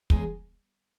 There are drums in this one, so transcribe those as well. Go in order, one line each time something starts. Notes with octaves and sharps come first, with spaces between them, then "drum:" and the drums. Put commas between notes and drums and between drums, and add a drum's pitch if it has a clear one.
E2 C#3 G#3 D#4 G#4, drum: kick